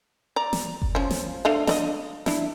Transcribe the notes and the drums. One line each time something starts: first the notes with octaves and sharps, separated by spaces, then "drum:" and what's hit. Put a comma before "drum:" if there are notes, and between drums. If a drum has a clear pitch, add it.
D5 A#5
drum: snare
drum: kick F#1
F3 C#4
drum: snare
A3 D4 F5
D4 D5 D#5, drum: snare
D4 E4, drum: snare